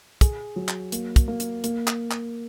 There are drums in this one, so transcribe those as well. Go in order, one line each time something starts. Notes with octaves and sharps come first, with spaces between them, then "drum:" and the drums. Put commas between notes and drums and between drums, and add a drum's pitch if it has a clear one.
G#4, drum: kick, hi-hat
F#3
drum: clap
A#3, drum: hi-hat
drum: kick, hi-hat
A#3
drum: hi-hat
A#3, drum: hi-hat
drum: clap
drum: clap